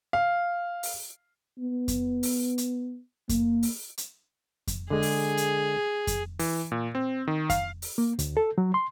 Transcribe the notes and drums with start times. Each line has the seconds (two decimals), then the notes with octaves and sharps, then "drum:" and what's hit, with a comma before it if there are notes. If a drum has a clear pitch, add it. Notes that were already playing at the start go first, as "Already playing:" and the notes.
0.13 F5
0.83 drum: open hi-hat
1.59 B3
1.88 drum: kick F2, hi-hat
2.23 drum: open hi-hat
2.58 drum: hi-hat
3.29 A#3, drum: kick F2, hi-hat
3.63 drum: open hi-hat
3.98 drum: hi-hat
4.67 drum: kick F2, hi-hat
4.90 D3 G#3 G#4
5.02 drum: open hi-hat
5.37 drum: hi-hat
6.07 drum: kick F2, hi-hat
6.39 E3, drum: open hi-hat
6.72 A#2
6.95 C4
7.27 D#3
7.50 F5, drum: kick F2, hi-hat
7.82 drum: open hi-hat
7.98 A#3
8.19 D2, drum: hi-hat
8.37 A4
8.58 F#3
8.74 C6